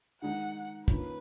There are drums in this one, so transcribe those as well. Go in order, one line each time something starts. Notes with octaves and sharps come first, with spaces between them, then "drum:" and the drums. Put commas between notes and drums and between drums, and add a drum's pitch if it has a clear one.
D#3 G#3 D#4 F#5
D#3 A#3 C#4 F4 B4, drum: kick